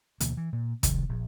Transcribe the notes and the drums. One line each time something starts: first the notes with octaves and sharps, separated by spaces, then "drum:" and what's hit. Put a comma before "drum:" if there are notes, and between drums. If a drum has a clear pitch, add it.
D2 B2 E3 A#3, drum: hi-hat
E3
A#2
C3 D#3 F3, drum: kick, hi-hat
A#1